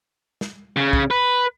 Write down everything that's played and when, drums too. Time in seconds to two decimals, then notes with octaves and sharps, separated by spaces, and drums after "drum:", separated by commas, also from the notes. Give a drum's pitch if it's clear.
0.41 drum: snare
0.76 C#3
0.93 drum: kick
1.11 B4